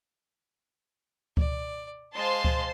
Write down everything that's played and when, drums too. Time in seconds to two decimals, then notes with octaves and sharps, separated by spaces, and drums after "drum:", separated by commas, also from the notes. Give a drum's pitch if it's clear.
1.37 D5, drum: kick C#2
2.15 G#3 C5 F5 A5 C6
2.45 drum: kick C#2